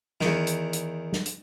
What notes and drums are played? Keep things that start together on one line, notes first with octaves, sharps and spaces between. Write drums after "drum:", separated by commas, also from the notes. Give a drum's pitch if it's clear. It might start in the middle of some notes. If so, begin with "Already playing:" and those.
E2 D#3, drum: snare
drum: hi-hat
drum: hi-hat
drum: snare
drum: hi-hat